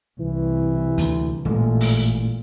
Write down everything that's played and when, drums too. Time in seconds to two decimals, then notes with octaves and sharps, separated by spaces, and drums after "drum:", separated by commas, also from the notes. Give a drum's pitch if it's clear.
0.20 C2 E3
0.98 D2, drum: hi-hat
1.45 A1 A#2 G#3 A3
1.81 drum: open hi-hat